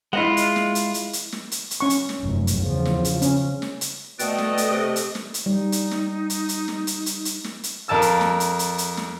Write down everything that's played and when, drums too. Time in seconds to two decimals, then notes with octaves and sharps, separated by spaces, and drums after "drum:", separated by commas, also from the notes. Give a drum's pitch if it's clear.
0.13 G#3 E4 F4 D#5 F#5
0.37 drum: hi-hat
0.56 drum: snare
0.75 drum: hi-hat
0.94 drum: hi-hat
1.13 drum: hi-hat
1.32 drum: snare
1.52 drum: hi-hat
1.71 drum: hi-hat
1.80 C#4 C#6
1.90 drum: hi-hat
2.09 drum: snare
2.21 F1 F#2
2.47 drum: hi-hat
2.56 E2 C#3 F3
2.85 drum: snare
3.05 drum: hi-hat
3.22 C#4, drum: hi-hat
3.62 drum: snare
3.81 drum: hi-hat
4.19 B2 A3 B4 D5 D#5 G5, drum: hi-hat
4.38 drum: snare
4.58 drum: hi-hat
4.70 C3
4.96 drum: hi-hat
5.15 drum: snare
5.34 drum: hi-hat
5.46 G3 D#4
5.72 drum: hi-hat
5.91 drum: snare
6.30 drum: hi-hat
6.49 drum: hi-hat
6.68 drum: snare
6.87 drum: hi-hat
7.06 drum: hi-hat
7.25 drum: hi-hat
7.44 drum: snare
7.63 drum: hi-hat
7.88 F2 A#4 A5 E6
8.02 drum: hi-hat
8.21 drum: snare
8.40 drum: hi-hat
8.59 drum: hi-hat
8.78 drum: hi-hat
8.97 drum: snare